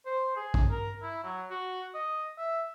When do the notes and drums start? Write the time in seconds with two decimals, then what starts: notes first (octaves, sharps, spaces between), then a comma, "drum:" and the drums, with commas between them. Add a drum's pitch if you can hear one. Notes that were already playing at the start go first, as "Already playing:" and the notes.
0.06 C5
0.36 G#4
0.54 drum: kick A#1
0.70 A#4
1.03 E4
1.24 F#3
1.50 F#4
1.94 D#5
2.38 E5